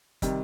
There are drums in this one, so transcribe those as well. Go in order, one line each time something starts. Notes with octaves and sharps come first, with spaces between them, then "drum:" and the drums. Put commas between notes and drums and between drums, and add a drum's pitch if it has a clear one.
C3 D#3 G3, drum: kick, hi-hat